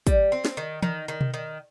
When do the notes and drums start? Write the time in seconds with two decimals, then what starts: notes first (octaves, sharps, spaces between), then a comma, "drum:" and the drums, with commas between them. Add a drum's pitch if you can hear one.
0.07 G3, drum: kick, hi-hat
0.32 C4
0.45 drum: snare
0.57 D#3
0.83 D#3, drum: tom E3
1.08 D#3
1.21 drum: tom B2
1.34 D#3